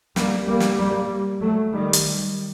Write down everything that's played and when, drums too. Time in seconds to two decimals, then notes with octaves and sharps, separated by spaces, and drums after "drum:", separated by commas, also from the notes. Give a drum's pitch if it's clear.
0.16 G3 A#3, drum: snare
0.47 G3 A#3
0.60 drum: snare
0.78 G3 A#3
1.40 F#3 A3
1.72 D#3 G3
1.93 drum: hi-hat